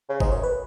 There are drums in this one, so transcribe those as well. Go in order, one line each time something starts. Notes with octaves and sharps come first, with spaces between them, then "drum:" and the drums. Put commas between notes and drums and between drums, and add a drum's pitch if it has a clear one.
C#3
G#2 D#5, drum: kick G1
F#2 C#5
B4